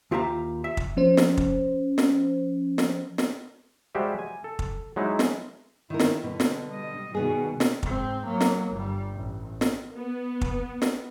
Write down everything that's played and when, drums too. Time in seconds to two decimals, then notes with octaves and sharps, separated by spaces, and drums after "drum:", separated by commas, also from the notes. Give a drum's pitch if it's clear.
0.11 D#2 F4 G4 E5 F5 A#5
0.64 E5
0.77 drum: kick
0.97 F3 C#4 C5
1.17 drum: snare
1.37 drum: kick
1.98 drum: snare
2.78 drum: snare
3.18 drum: snare
3.95 G3 G#3 F#4 G4 C5 E5
4.19 G#5
4.44 A4
4.59 drum: kick
4.96 F#3 G#3 D#4 E4
5.19 drum: snare
5.90 D#3 E4 A#4
5.99 drum: snare
6.23 B2 D3 G3
6.40 drum: snare
6.71 G3 D#5
7.15 B2 D#3 G3 B3 G#4
7.60 drum: snare
7.83 G#2 C4, drum: kick
8.26 F#3 A#3
8.41 drum: snare
8.72 G1 G3
9.14 A1
9.61 drum: snare
9.94 B3
10.41 drum: kick
10.82 drum: snare